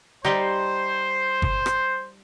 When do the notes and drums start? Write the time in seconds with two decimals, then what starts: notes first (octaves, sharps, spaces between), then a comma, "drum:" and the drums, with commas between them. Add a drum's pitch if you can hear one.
0.25 G3 D#4 G4 C5
1.42 drum: kick G1
1.66 drum: rim click